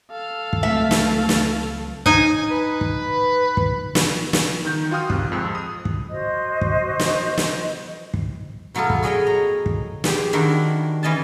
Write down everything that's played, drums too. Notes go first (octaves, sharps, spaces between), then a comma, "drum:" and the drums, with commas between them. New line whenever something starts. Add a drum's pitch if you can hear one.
A4 F5
drum: kick
C#2 F#3 A3 C4 E5
drum: snare
drum: snare
D#4 G#5, drum: kick
B4
drum: kick
drum: kick
drum: snare
drum: snare
D#3 D#4 G6
F4 F#4 F5 G5 D#6 F6
G#1 C3 F#6, drum: kick
F2 F3 G#3 E6
D#6
drum: kick
F#4 C5 D#5
drum: kick
drum: snare
drum: snare
drum: kick
B2 F#3 B3 F4 A4
drum: kick
F#4 G#4 C#5 D#5 G5
A#5
drum: kick
G4 G#4 C5, drum: snare
D#3 D4 E4 F#4 C5
E3 C#4 D#5 G#5 A5